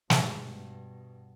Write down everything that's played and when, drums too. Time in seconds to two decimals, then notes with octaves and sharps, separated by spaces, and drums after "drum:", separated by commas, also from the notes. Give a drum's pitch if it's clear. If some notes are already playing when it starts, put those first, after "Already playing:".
0.10 G2 B2 G#5, drum: snare